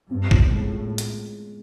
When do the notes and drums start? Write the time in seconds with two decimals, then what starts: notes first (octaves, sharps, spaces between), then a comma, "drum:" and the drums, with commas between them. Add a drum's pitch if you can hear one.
0.11 G2 C4
0.31 F4, drum: kick
0.51 A2 G#3
0.98 drum: hi-hat